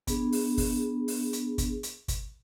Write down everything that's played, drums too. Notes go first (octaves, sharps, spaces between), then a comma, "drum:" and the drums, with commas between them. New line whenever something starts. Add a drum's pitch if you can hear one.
B3 D4 G#4, drum: kick, hi-hat
drum: open hi-hat
drum: kick, open hi-hat
drum: open hi-hat
drum: hi-hat
drum: kick, hi-hat
drum: hi-hat
drum: kick, hi-hat